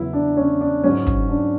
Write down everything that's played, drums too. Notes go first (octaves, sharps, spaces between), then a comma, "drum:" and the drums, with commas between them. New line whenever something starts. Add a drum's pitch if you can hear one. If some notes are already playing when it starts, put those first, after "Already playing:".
Already playing: E2 C#3 F#3 E4 B4
D4
C#4
D4
G#2 F#3 C#4
drum: kick
D4